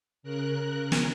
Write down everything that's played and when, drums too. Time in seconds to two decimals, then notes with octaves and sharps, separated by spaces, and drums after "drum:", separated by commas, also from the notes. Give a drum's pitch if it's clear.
0.23 C#3 A#4 F#6
0.92 drum: snare